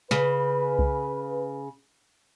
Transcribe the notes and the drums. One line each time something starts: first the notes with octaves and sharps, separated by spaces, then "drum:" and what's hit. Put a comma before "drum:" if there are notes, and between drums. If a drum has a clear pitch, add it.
C#3 B4, drum: snare
drum: kick C2